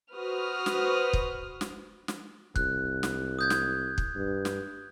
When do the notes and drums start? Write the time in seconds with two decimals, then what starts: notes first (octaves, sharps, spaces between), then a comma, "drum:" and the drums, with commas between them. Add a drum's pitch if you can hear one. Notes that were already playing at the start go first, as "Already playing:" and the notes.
0.14 F#4 B4 C5 D#6 F6
0.66 drum: snare
1.13 drum: kick
1.61 drum: snare
2.08 drum: snare
2.56 C2 F#6, drum: kick
3.03 drum: snare
3.39 D#6 G6 G#6
3.50 drum: snare
3.98 drum: kick
4.16 G2
4.45 drum: snare